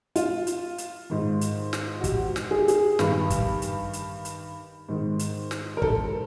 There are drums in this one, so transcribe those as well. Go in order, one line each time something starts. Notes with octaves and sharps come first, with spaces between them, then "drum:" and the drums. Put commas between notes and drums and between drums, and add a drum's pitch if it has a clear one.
F4, drum: hi-hat
drum: hi-hat
drum: hi-hat
G#2 D#3
drum: hi-hat
drum: snare
F#4
G4, drum: kick, hi-hat
drum: snare
G#4
G4
G#4, drum: hi-hat
G2 D#3 G4, drum: snare
drum: kick, hi-hat
drum: hi-hat
drum: hi-hat
drum: hi-hat
G#2 D#3
drum: hi-hat
drum: snare
A#4
A4, drum: kick